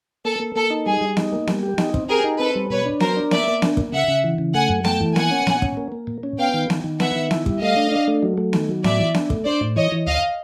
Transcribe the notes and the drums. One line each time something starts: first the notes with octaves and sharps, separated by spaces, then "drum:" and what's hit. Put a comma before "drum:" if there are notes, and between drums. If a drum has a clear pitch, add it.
A#3 A4
A#3
A#3 A4
D#4
G3 G#4
G3
D#4, drum: snare B3
A#3
G3, drum: snare B3
G4
D#4, drum: snare B3
C4, drum: kick
G4 G#4 A#4
D#4
C4 A4 B4
G3
B2 B4 C#5
D4
F#3 A#4 C5, drum: snare B3
D4
A#3 D5 E5, drum: snare B3
A#3
D4, drum: snare B3
A#3, drum: kick
C#3 E5 F#5
C#3
E3
C#3
A3 F#5 G#5
F#2
A3 G5 A5, drum: snare B3
E3
A#3 F#5 G#5, drum: snare B3
C#4
A#2, drum: snare B3
C#4, drum: kick
A#3
A#3
A#2
C#4
B3 F5 G5
D#3
D#3, drum: snare B3
D#3
B3 E5 F#5, drum: snare B3
D#3
E4, drum: snare B3
G3, drum: kick
A3 D#5 F5
D4
D4
A3
F#3
A3
D#3, drum: snare B3
F#3
A2 D5 E5, drum: snare B3
E3
D4, drum: snare B3
A3, drum: kick
D4 C5 D5
A2
E3 C#5 D#5
E3
D2 D#5 F5